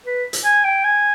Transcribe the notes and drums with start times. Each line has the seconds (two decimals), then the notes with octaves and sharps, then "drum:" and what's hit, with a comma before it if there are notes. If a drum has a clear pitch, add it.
0.06 B4
0.33 drum: hi-hat
0.45 G#5
0.64 G5
0.84 G#5